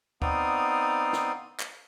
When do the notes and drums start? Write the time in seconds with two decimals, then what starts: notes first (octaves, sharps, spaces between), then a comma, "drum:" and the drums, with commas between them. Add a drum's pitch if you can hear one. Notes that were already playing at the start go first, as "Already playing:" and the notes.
0.22 B3 C4 D#4 D5 F5 D#6, drum: kick D2
1.13 drum: snare
1.60 drum: clap